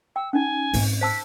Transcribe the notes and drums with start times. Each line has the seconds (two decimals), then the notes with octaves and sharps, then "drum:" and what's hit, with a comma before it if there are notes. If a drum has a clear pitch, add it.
0.16 G5 E6
0.33 C#4 D#4 G#5
0.73 G#2 C4, drum: open hi-hat
1.01 C5 A5 E6 B6